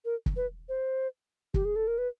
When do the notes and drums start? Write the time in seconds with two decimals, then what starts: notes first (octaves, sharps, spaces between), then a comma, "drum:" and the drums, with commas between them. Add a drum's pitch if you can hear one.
0.05 A#4
0.26 drum: kick
0.36 B4
0.69 C5
1.54 G4, drum: kick
1.65 G#4
1.76 A4
1.87 A#4
1.98 B4